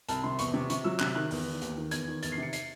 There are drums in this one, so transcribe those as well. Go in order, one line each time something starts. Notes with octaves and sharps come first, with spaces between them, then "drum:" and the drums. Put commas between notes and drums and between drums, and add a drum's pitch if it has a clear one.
C2 A5, drum: hi-hat
C3 C6
E2 C#6, drum: hi-hat
C3
C3 C#6, drum: hi-hat
F#3 E6
C3 F#6, drum: clap
D#3 F#6
E2, drum: open hi-hat
D#3
D#2, drum: hi-hat
D#3
E2 G#6, drum: hi-hat
D#3
E2 A6, drum: hi-hat
C7
C3
C#7
C7, drum: hi-hat